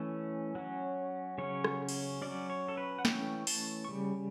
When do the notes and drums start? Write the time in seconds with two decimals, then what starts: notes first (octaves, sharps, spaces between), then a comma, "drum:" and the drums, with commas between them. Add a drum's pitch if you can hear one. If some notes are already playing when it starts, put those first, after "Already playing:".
Already playing: E3 A3 C#4
0.55 F#3 C#4
1.38 C#3 F#3 C#4 C#5
1.64 drum: rim click
1.89 drum: cymbal
2.22 F#3 C#4 D5
2.50 C#5
2.68 A4
2.77 B4
2.99 F#5
3.05 E3 A3 C#4 G5, drum: snare
3.47 A5, drum: open hi-hat
3.85 C#6
3.89 C#3 G3